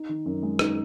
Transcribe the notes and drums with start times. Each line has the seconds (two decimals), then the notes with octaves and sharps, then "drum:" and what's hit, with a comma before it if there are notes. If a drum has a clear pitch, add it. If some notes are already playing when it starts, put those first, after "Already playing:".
Already playing: D#4
0.09 D#3
0.26 F#2
0.43 G#3
0.59 D#4, drum: rim click